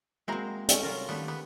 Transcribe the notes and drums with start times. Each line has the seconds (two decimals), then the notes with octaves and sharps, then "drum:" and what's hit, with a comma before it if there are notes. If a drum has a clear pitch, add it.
0.28 G#3 A#3 C4 E4 F#4 C5 A#5 C6
0.69 C#4 A4, drum: hi-hat
0.83 C2 F#3 F4 A#4
1.09 D#2 G3 A3 B3
1.28 B3